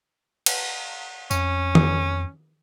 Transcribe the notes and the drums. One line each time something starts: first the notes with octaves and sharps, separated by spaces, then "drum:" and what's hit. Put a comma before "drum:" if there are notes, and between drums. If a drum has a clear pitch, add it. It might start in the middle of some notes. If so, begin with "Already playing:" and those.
drum: cymbal
F2 C#4, drum: tambourine
drum: tom D#3